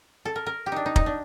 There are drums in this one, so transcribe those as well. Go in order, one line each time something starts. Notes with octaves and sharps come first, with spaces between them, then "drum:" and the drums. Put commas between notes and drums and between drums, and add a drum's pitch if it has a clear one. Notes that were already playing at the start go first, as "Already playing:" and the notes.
A4
A#4
A#4
G4
D4 D#4
D#4
D#4, drum: kick
D4